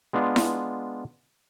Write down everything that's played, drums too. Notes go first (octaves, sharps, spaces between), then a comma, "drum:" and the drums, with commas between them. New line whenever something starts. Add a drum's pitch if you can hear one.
G#3 B3 D4 F4
drum: snare E4